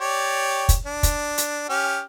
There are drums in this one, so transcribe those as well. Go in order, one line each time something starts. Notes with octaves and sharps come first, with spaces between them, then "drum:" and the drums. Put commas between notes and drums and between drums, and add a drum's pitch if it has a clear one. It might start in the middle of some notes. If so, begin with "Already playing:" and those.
G4 C#5 D5
drum: kick, hi-hat
D4
drum: kick, hi-hat
drum: hi-hat
C#4 G4 F6